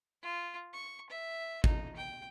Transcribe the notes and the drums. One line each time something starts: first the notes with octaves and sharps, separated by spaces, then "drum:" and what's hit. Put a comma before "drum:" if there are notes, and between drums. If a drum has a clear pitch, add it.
F4
C#6
E5
D#4, drum: kick
G5